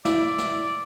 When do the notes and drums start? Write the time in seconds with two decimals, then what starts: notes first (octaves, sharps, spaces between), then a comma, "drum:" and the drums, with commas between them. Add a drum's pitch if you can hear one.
0.05 E4 D5, drum: snare
0.38 drum: snare